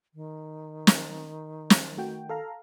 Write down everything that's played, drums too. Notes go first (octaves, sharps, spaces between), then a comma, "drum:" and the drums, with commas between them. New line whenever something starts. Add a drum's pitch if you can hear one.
D#3
drum: snare
drum: snare
A3 F#4 G5
A4 F5 A#5